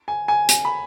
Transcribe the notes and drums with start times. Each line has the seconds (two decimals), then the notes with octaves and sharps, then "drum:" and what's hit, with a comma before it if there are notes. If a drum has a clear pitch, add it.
0.08 G#5
0.28 G#5
0.49 G#5, drum: hi-hat
0.65 B5